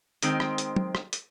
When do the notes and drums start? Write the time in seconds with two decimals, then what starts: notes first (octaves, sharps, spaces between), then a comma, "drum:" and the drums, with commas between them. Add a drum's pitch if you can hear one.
0.23 D#3 G#3 C4, drum: hi-hat
0.40 drum: rim click
0.58 drum: hi-hat
0.76 drum: tom
0.95 drum: rim click
1.13 drum: hi-hat